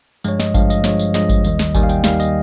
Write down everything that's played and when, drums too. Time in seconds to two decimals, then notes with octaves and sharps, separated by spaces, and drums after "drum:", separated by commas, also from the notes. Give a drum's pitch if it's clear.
0.24 G2 F3 G#3 C#5, drum: tambourine
0.40 D#5, drum: snare
0.54 G2 F3 G#3 F5, drum: kick G#1, tambourine
0.70 D#5, drum: tambourine
0.84 G2 F3 G#3 C#5, drum: snare
0.99 drum: tambourine
1.14 G2 F3 G#3 D#5, drum: snare
1.29 drum: kick G#1, tambourine
1.44 D#2 D#3 G3, drum: tambourine
1.59 drum: snare
1.75 D#2 D#3 G3 G#5, drum: kick G#1, tambourine
1.83 F5
1.89 G5, drum: tambourine
2.04 D#2 D#3 G3 F5, drum: snare
2.20 D#5, drum: tambourine